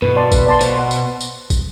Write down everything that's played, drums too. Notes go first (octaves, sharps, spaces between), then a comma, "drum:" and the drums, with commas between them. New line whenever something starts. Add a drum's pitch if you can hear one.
B2 B4, drum: tom G2
D5 A5 C6
B4, drum: kick, tambourine
D5 A5 C6
B2 C5, drum: tambourine
F#5 C6
drum: tambourine
drum: tambourine
drum: kick, tambourine